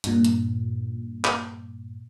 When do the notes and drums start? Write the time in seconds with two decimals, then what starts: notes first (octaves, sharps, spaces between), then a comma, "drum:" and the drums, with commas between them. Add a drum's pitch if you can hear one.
0.04 G2 A#2, drum: hi-hat
0.25 drum: hi-hat
1.25 drum: clap